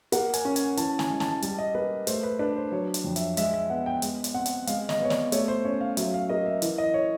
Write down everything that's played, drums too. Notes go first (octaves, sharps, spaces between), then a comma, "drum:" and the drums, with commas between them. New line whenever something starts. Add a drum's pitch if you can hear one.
A#3 F#5, drum: hi-hat
G#5, drum: hi-hat
C#4
G#5, drum: hi-hat
E3 A5, drum: hi-hat
G#5, drum: snare
G#3
A5, drum: snare
G3 A5, drum: hi-hat
D#5
A#3 B4
A3 C5, drum: hi-hat
B4
D4 B4
C5
F#3 C#5
drum: hi-hat
F2
E5, drum: hi-hat
G#3 E5, drum: hi-hat
E5
B3 F#5
G5
G#3, drum: hi-hat
drum: hi-hat
C4 F#5
drum: hi-hat
G#3 F5, drum: hi-hat
D#5, drum: snare
B3 C#5
D5, drum: snare
A3 C#5, drum: hi-hat
C5
C#4 C#5
F5
F#3 E5, drum: hi-hat
F5
A#3 D#5
E5
E3, drum: hi-hat
D#5
C#5